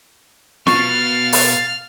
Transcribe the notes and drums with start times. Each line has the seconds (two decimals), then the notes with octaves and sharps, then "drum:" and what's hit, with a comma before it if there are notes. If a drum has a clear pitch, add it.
0.67 B2 F5 C#6 F6 A6, drum: snare
1.33 drum: open hi-hat